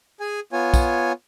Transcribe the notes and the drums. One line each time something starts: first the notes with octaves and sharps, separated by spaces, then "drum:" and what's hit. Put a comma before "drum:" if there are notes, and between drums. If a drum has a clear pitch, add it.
G#4 G#5
B3 F4 C#5 G#5
drum: kick, tambourine